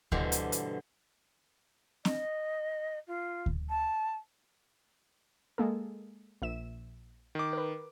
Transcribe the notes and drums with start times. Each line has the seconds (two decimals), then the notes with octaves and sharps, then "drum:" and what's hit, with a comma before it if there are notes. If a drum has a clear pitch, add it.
0.12 G2 B2 D3 E3 C4, drum: kick D2
0.32 drum: hi-hat
0.52 drum: hi-hat
2.05 D#5, drum: snare C4
3.07 F4
3.46 drum: kick D2
3.70 A5
5.58 G#3 A#3 A4
6.42 A#1 E5 E7
7.35 D#3 D6
7.53 A#4 B4